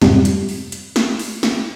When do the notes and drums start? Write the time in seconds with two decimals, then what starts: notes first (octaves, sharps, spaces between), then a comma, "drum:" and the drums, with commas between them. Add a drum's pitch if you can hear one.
0.02 F2 G#2 C3 F3 G3, drum: snare
0.25 drum: hi-hat
0.49 drum: open hi-hat
0.72 drum: hi-hat
0.96 drum: snare
1.19 drum: open hi-hat
1.43 drum: snare